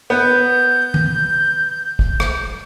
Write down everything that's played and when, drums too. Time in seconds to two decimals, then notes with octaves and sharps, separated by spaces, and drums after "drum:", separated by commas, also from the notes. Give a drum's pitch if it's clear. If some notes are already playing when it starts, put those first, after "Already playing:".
0.10 B3 G6
0.94 drum: tom D#3
1.99 drum: kick
2.20 drum: rim click